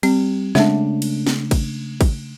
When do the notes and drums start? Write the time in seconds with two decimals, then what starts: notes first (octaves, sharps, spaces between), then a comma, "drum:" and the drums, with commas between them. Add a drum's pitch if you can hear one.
0.03 G3 C4, drum: cymbal
0.55 C#3 G#3 A3 D4 E5, drum: snare
1.02 drum: cymbal
1.27 drum: snare
1.51 drum: kick, cymbal
2.01 drum: kick, cymbal